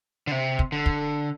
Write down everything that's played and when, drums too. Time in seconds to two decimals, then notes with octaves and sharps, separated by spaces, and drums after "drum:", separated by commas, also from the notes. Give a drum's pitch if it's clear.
0.27 D3
0.32 C3
0.59 drum: kick
0.72 D3
0.86 drum: kick